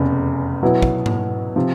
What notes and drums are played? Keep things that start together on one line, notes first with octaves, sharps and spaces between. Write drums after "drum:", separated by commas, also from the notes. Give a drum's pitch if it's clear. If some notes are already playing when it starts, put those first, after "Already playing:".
Already playing: F1 E2 C#3
B2 F#3 B3 E4
drum: kick
drum: tom G#2
C3 F3